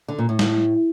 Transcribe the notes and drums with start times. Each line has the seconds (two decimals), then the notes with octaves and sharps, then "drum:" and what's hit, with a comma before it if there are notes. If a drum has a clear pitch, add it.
0.08 D3
0.18 A#2
0.29 A2
0.39 drum: snare